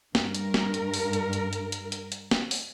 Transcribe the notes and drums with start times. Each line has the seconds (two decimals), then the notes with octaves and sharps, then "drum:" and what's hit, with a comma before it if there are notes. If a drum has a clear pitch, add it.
0.15 G2 A#4, drum: snare
0.35 drum: hi-hat
0.54 drum: snare
0.74 drum: hi-hat
0.94 drum: open hi-hat
1.13 drum: hi-hat
1.33 drum: hi-hat
1.53 drum: hi-hat
1.72 drum: hi-hat
1.92 drum: hi-hat
2.12 drum: hi-hat
2.31 drum: snare
2.51 drum: open hi-hat